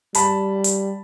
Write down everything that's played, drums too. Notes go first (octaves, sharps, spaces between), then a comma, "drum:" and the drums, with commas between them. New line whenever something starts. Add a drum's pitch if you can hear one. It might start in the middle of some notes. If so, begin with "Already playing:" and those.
G3 A5 B5, drum: hi-hat
drum: hi-hat